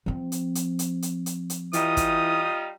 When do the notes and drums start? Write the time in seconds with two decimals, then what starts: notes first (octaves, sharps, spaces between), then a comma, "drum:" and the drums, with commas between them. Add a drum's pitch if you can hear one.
0.06 F3 C4
0.32 drum: hi-hat
0.55 drum: hi-hat
0.79 drum: hi-hat
1.02 drum: hi-hat
1.26 drum: hi-hat
1.50 drum: hi-hat
1.73 E3 G3 D#4 F4 D#6, drum: hi-hat
1.97 drum: kick, hi-hat